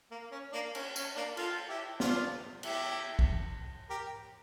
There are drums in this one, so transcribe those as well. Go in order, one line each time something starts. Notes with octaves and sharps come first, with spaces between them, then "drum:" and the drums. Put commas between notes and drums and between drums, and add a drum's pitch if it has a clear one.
A#3
C#4
A#3 D4
C#4, drum: cymbal
C#4, drum: tambourine
A#3 D4
F4 A4, drum: cymbal
E4 G4
D4 F4, drum: snare
E4 G4, drum: cymbal
drum: kick
G4 A#4